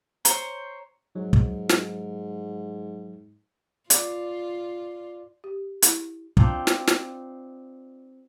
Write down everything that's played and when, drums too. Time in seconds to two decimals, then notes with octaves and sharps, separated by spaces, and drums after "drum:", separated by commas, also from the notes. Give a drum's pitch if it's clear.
0.25 C5 C#5 A#5, drum: hi-hat
1.15 G#2 F#3
1.33 drum: kick
1.69 drum: snare
3.90 F4 D5, drum: hi-hat
5.44 G4
5.82 E4, drum: hi-hat
6.37 C4 D4 D#4 F4, drum: kick
6.67 drum: snare
6.87 drum: snare